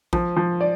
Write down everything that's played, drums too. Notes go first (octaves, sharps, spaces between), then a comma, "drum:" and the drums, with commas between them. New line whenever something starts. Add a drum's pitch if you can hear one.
F3, drum: kick A1
F3
D5